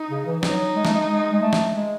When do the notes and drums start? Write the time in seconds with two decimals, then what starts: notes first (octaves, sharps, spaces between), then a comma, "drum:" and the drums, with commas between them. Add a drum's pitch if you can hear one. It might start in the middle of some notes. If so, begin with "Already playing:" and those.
Already playing: D#4
0.10 C#3
0.26 E3
0.43 F#3 D#4, drum: snare
0.76 G#3
0.85 A3, drum: snare
0.93 G#3
1.09 G#3
1.32 G#3
1.42 A3
1.53 drum: snare
1.74 G#3